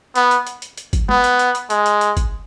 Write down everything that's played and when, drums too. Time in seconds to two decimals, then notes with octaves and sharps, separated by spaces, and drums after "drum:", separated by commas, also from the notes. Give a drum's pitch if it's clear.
0.15 B3, drum: hi-hat
0.31 drum: hi-hat
0.47 drum: hi-hat
0.62 drum: hi-hat
0.78 drum: hi-hat
0.93 drum: kick, hi-hat
1.09 B3, drum: tom
1.24 drum: hi-hat
1.39 drum: hi-hat
1.55 drum: hi-hat
1.70 G#3, drum: hi-hat
1.86 drum: hi-hat
2.01 drum: hi-hat
2.17 drum: kick, hi-hat